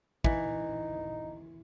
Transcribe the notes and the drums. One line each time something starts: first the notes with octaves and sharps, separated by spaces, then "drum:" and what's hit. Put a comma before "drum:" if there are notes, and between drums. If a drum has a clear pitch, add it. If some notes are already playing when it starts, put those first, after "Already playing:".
E3 D#4, drum: kick